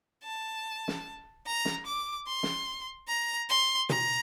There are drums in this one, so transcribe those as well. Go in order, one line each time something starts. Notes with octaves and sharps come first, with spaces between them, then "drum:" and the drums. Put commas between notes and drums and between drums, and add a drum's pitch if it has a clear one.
A5
drum: snare
A#5
drum: snare
D6
C6
drum: snare
A#5
C6
A#5, drum: tom